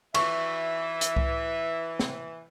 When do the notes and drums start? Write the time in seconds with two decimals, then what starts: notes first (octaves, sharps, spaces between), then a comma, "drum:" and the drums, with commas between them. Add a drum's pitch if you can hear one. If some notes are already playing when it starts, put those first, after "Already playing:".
0.14 E3 E5 C#6, drum: cymbal
1.01 drum: hi-hat
1.17 drum: kick C2
1.99 drum: snare